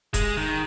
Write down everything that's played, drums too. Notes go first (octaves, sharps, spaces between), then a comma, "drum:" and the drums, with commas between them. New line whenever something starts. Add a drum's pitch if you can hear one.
G#3, drum: kick E1, hi-hat
D#3